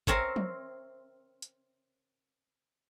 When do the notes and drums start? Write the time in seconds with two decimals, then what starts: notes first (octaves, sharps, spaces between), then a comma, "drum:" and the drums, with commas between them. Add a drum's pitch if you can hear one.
0.07 C4 A#4 C#5 E5, drum: kick
0.36 drum: tom
1.42 drum: hi-hat